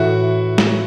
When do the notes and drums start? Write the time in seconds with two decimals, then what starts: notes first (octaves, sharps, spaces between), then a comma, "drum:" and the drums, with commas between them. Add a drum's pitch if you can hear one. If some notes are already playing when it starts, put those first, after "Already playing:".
Already playing: A2 E3 E4 F#4
0.58 drum: snare